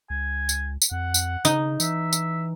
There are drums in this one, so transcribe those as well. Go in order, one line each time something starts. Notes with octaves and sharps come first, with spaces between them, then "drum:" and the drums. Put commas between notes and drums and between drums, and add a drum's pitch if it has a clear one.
C#2 G#5
drum: tambourine
drum: tambourine
F2 F#5
drum: tambourine
C#3 D#4, drum: tambourine
E3 E5, drum: tambourine
drum: tambourine